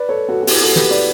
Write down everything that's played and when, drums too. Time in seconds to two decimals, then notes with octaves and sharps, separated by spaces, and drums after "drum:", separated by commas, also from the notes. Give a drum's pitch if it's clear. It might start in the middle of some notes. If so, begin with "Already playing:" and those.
Already playing: B4 D5
0.09 A4 C#5
0.29 F#4 A4
0.43 F#4
0.47 E4 G4, drum: open hi-hat
0.61 F#4 A4
0.76 G4 B4, drum: snare
0.90 B4 D5